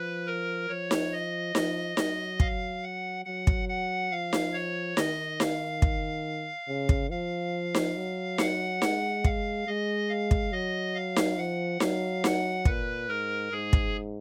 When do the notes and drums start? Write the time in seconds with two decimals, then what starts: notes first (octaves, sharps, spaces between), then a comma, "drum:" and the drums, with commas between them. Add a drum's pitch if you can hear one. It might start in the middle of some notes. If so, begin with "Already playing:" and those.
Already playing: F3 B4
0.27 A#4
0.69 F3 C#5
0.91 drum: snare D#4
1.13 D#5
1.55 F3, drum: snare D#4
1.97 F#3, drum: snare D#4
2.40 F5, drum: kick
2.83 F#5
3.25 F#3 F#5
3.47 drum: kick
3.69 F#5
4.11 F3 F5
4.33 drum: snare D#4
4.53 C#5
4.97 D#3 D#5, drum: snare D#4
5.40 F5, drum: snare D#4
5.82 drum: kick
6.68 C#3
6.89 drum: kick
7.10 F3 F5
7.75 drum: snare D#4
7.96 F#3
8.38 F#5, drum: snare D#4
8.82 G#3, drum: snare D#4
9.24 F5, drum: kick
9.67 G#3 D#5
10.09 F5
10.31 drum: kick
10.52 F#3 D#5
10.95 F5
11.16 drum: snare D#4
11.38 F3 F#5
11.80 F#3 F5, drum: snare D#4
12.24 F#5, drum: snare D#4
12.65 A#2 B4, drum: kick
13.09 G#2 A#4
13.51 G#2 G#4
13.73 drum: kick